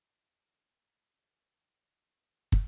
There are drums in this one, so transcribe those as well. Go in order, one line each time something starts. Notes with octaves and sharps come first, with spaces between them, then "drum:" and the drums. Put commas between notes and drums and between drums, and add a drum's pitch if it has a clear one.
F#5
C5
A4 F6
drum: kick